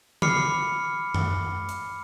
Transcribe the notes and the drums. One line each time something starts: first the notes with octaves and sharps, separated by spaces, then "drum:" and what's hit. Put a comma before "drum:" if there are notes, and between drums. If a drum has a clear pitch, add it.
B5 D6 F6 C7 C#7, drum: tom
drum: tom F#2
drum: hi-hat